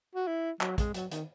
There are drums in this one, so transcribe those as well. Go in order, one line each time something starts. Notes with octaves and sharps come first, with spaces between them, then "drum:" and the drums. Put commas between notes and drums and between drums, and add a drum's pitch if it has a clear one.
F#4
E4
F#3, drum: clap
G#3, drum: kick, hi-hat
F#3, drum: hi-hat
D#3, drum: hi-hat